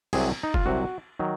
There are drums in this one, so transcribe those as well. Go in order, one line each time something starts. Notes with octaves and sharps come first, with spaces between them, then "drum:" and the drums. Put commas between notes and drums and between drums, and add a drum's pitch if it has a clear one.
C2 C3 F#3 G#4, drum: cymbal
D#4
F4, drum: kick F#1
C2 C3 F#3 F#4
D#3 F#3